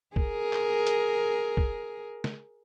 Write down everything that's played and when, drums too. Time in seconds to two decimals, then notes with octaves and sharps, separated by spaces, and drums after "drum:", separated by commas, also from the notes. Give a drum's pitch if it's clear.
0.16 G#4 A#4, drum: kick
0.53 drum: clap
0.87 drum: hi-hat
1.57 drum: kick
2.24 drum: snare